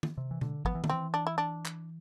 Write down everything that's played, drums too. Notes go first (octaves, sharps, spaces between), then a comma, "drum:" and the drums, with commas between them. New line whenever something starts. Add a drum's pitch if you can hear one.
drum: tom
C3
E3
D3, drum: tom B2
F3 B3, drum: kick G#1
E3
D3, drum: tom
E3 C4
D4
E4
D4
drum: clap